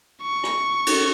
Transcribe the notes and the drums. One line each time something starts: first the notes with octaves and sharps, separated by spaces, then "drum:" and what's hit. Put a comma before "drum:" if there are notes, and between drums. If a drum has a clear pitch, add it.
C#6
drum: rim click
drum: cymbal